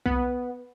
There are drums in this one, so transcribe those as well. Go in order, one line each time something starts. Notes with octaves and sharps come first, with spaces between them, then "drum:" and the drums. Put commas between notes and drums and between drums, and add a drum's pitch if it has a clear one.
B3, drum: kick B1